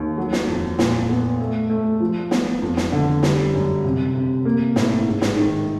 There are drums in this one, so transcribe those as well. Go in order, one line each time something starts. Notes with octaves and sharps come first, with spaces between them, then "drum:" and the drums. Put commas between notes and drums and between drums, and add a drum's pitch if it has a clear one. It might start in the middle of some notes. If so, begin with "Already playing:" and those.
Already playing: D#2
F#3
drum: snare
F2
A#2, drum: snare
B3
A3
A3
F3
B3, drum: snare
F2
drum: snare
D3
G3, drum: snare
F#2
C3
C3
A#3
A2, drum: snare
G#2
drum: snare
D#3